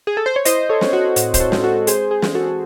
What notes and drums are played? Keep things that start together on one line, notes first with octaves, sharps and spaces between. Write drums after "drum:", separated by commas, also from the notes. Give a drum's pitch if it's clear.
G#4
A4
C5
C#5
E4 C5 D#5, drum: hi-hat
A4 C#5
C4, drum: snare
F#4
A2 F#4, drum: hi-hat
C5, drum: kick, hi-hat
F#4 A4
G#3, drum: snare
F#4 A4
C4 G#4 C5, drum: hi-hat
G#4 C5
E3, drum: snare
F#4 A4